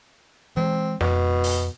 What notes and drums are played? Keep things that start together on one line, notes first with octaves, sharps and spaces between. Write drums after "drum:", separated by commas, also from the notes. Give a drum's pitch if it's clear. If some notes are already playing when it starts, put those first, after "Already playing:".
E3 G#3 C4
F2 B2, drum: snare
drum: open hi-hat